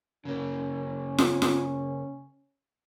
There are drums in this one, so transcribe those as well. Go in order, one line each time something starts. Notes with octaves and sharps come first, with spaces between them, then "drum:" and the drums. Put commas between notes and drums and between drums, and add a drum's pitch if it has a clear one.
C#3 A#3 C#4
drum: snare F4
drum: snare F4